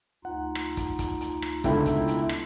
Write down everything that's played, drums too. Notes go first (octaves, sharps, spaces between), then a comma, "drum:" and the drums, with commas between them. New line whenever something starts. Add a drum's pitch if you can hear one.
D2 D#4 F4 F#5
drum: rim click
drum: kick, hi-hat
drum: kick, hi-hat
drum: hi-hat
drum: rim click
C#2 B2 D3 E4 G5, drum: kick, hi-hat
drum: kick, hi-hat
drum: hi-hat
drum: rim click